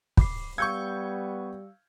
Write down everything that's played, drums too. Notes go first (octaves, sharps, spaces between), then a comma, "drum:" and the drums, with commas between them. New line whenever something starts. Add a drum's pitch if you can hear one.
B5 D6 C7, drum: kick
G3 B3 F5 C#6 E6 G6 G#6 C#7